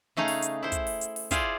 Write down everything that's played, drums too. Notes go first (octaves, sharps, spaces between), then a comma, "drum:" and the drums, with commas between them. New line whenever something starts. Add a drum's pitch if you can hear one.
C#3 A3 D#4 G#4 F5
drum: open hi-hat
drum: hi-hat
E4 C5
drum: kick, hi-hat
drum: open hi-hat
drum: hi-hat
drum: open hi-hat
E4 F4 G#4 C5 D5, drum: kick, hi-hat